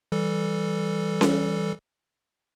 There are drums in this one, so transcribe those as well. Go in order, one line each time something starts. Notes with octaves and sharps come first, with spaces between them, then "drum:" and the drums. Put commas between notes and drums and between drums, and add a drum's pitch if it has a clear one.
E3 G3 A4
drum: snare C#4